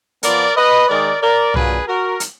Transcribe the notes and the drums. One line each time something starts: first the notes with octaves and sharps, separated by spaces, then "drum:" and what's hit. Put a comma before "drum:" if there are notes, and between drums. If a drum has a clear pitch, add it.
F3 B3 F4 A#4 D5, drum: hi-hat
B4 D#5
D#3 G#3 D#4 A#4 D5
A#4 D5
A#2 F#3 D4 F4 G#4 B4, drum: tom B1
F#4 A#4
drum: hi-hat